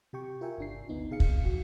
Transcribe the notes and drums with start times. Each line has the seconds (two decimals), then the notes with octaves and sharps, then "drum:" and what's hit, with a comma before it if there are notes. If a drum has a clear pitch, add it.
0.13 C3 G4 G5 C#6
0.41 F4 A#4 E5 G5 G#5
0.58 G1 D4 C7
0.89 D2 B3 D#4
1.10 C3 G#4 F5 C#7
1.20 drum: kick
1.45 F2 F#4